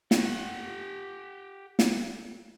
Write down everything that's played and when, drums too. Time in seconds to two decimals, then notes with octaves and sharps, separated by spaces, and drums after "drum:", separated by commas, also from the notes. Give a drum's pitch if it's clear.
0.11 G4 F#5, drum: snare
1.79 drum: snare